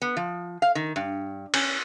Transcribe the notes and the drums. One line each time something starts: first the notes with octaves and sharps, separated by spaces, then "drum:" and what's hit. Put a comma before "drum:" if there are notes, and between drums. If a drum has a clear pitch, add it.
B3
F3
F5
D#3
G2
C#4, drum: cymbal